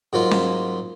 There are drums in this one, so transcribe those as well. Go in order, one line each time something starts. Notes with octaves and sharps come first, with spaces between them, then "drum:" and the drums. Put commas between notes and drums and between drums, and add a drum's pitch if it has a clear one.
G#2 F#3 A#3 F4 F5
drum: snare